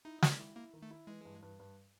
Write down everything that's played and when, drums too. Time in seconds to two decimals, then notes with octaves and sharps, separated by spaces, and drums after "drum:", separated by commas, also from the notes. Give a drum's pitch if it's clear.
0.05 D#4 E4
0.22 D#3, drum: snare
0.39 E4
0.56 A#3 E4
0.73 D#3
0.82 A3
0.91 E4
1.07 E3 G#3
1.25 G2
1.42 G2
1.59 G2